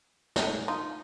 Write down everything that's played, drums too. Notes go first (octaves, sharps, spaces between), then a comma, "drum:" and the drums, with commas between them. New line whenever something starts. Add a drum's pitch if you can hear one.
C#4 D#4, drum: snare
D#4 F4